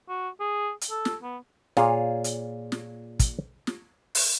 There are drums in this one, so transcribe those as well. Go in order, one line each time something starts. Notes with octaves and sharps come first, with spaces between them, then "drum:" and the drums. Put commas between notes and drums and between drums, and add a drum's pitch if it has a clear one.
F#4
G#4
drum: hi-hat
A4
drum: snare
B3
A#2 F4 G#4 C#5, drum: snare
drum: hi-hat
drum: snare
drum: kick, hi-hat
drum: snare
drum: open hi-hat